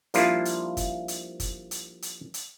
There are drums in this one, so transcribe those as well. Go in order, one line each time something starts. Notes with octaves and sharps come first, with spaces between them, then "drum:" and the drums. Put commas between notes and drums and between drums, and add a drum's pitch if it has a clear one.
F3 G3 A#3 D4 E4 F4, drum: hi-hat
drum: hi-hat
drum: kick, hi-hat
drum: hi-hat
drum: kick, hi-hat
drum: hi-hat
drum: hi-hat
drum: hi-hat